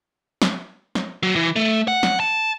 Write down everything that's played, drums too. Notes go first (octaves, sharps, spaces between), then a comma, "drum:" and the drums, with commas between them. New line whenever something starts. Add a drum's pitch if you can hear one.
drum: snare
drum: snare
F#3
E3
A3
F#5
drum: snare
A5